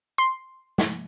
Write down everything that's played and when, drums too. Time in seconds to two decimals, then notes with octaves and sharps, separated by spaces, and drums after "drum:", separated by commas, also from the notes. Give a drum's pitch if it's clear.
0.18 C6
0.78 drum: snare